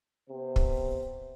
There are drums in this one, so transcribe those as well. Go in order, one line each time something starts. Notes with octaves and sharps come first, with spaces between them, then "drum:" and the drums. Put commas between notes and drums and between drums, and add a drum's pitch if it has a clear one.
C3 B3 C4 C5
drum: kick